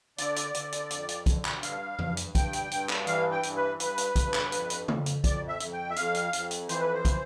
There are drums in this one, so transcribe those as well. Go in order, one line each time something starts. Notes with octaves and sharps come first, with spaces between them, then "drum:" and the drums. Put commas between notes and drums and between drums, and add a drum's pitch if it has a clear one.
D3 D5, drum: hi-hat
drum: hi-hat
D3, drum: hi-hat
drum: hi-hat
F2, drum: hi-hat
drum: hi-hat
D3, drum: kick, hi-hat
drum: clap
G2 F5, drum: hi-hat
G2, drum: tom F2
drum: hi-hat
G2 G5, drum: kick, hi-hat
drum: hi-hat
G2, drum: hi-hat
drum: clap
E3 F5, drum: hi-hat
G5
G2, drum: hi-hat
B4
G2 B4, drum: hi-hat
drum: hi-hat
G2, drum: kick, hi-hat
drum: clap
F2, drum: hi-hat
drum: hi-hat
F2, drum: tom
drum: hi-hat
F2 D5, drum: kick, hi-hat
E5
F2, drum: hi-hat
G5
E5
F2 F5, drum: hi-hat
drum: hi-hat
F2, drum: hi-hat
drum: hi-hat
E3 C5, drum: hi-hat
B4
C5
drum: kick, hi-hat